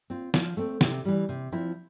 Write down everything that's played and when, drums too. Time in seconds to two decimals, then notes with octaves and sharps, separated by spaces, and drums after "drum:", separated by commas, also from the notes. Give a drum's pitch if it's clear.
0.10 C4 F4
0.34 F3, drum: snare
0.57 A3 C4
0.81 C3, drum: snare
1.05 E3 G3
1.29 C3
1.52 F3 C4 E4